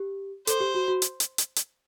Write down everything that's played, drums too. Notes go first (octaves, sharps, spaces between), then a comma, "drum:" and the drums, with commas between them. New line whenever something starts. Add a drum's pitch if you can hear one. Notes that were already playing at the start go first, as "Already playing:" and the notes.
Already playing: G4
A4 C5, drum: hi-hat
G4
F#4
F#4
drum: hi-hat
drum: hi-hat
drum: hi-hat
drum: hi-hat